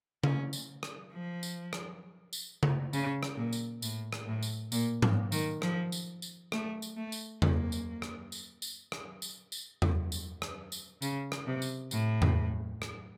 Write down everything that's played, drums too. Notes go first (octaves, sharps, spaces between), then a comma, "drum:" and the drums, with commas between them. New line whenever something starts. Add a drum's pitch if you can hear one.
C#4, drum: tom C#3
drum: tambourine
drum: rim click
F3
drum: tambourine
drum: rim click
drum: tambourine
drum: tom C#3
C#3, drum: tambourine
drum: rim click
A#2
drum: tambourine
A2, drum: tambourine
drum: rim click
A2
drum: tambourine
A#2, drum: tambourine
drum: tom G#2
D#3, drum: tambourine
F3, drum: rim click
drum: tambourine
drum: tambourine
A3, drum: rim click
drum: tambourine
A3
drum: tambourine
A#3, drum: tom E2
drum: tambourine
drum: rim click
drum: tambourine
drum: tambourine
drum: rim click
drum: tambourine
drum: tambourine
drum: tom E2
drum: tambourine
drum: rim click
drum: tambourine
C#3, drum: tambourine
drum: rim click
C3
drum: tambourine
A2, drum: tambourine
drum: tom E2
drum: rim click